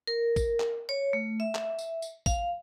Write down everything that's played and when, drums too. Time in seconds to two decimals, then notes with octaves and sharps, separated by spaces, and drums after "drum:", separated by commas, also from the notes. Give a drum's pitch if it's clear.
0.07 A#4
0.36 drum: kick, tambourine
0.60 drum: clap
0.89 C#5
1.13 A3
1.40 E5
1.55 drum: clap
1.79 drum: tambourine
2.02 drum: tambourine
2.26 F5, drum: kick, tambourine